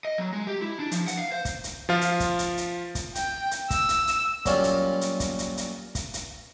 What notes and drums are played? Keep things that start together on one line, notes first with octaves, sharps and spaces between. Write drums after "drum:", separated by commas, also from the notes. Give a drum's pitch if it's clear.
D#5
F#3
G#3
G4
E4
D4
F3, drum: hi-hat
F#5, drum: hi-hat
F5
C5
drum: kick, hi-hat
drum: hi-hat
F3 F4
drum: hi-hat
drum: kick, hi-hat
drum: hi-hat
drum: hi-hat
drum: kick, hi-hat
G5, drum: hi-hat
drum: hi-hat
E6, drum: kick, hi-hat
drum: hi-hat
drum: hi-hat
A#2 F#3 G3 C#4 F4, drum: kick, hi-hat
drum: hi-hat
drum: hi-hat
drum: kick, hi-hat
drum: hi-hat
drum: hi-hat
drum: kick, hi-hat
drum: hi-hat